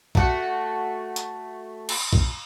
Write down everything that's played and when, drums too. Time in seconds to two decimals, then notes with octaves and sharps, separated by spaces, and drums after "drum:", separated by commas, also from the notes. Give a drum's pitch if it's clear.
0.15 A3 F#4, drum: kick
1.16 drum: hi-hat
1.89 drum: cymbal
2.13 drum: kick